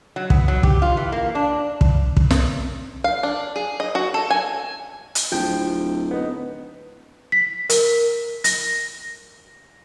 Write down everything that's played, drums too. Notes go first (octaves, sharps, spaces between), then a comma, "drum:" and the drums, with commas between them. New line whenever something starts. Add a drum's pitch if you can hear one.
F#3
B3, drum: kick
F#3
G4, drum: kick
F4
E3
A#3
D4
drum: kick
drum: kick
drum: snare
F5
D4
G#4
D#5
F#4
A4
G#5
drum: hi-hat
D1 F3 G5
B3 D#4
B6
A#4, drum: hi-hat
A#6, drum: hi-hat